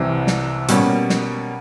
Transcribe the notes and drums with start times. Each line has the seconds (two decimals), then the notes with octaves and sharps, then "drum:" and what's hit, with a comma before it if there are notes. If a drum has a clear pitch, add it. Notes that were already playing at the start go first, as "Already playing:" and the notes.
Already playing: C2 C3 E3
0.27 drum: snare
0.68 B2 G3 A#3 C#4, drum: hi-hat
1.09 drum: snare